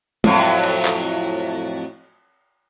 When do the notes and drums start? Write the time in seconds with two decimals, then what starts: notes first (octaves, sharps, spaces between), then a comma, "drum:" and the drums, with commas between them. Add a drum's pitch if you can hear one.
0.24 F2 A2 F#3, drum: tom
0.63 drum: cymbal
0.85 drum: clap